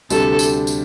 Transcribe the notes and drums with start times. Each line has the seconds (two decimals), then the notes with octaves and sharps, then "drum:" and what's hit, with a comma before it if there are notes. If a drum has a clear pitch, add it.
0.10 D2 C3 G3 D4 A4, drum: tambourine
0.39 drum: tambourine
0.67 drum: tambourine